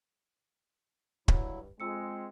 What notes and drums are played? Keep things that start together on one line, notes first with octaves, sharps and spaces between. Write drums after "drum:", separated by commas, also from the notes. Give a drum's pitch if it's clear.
G2 F#3 E4, drum: kick
F2 G#3 C4 F4 E6 C#7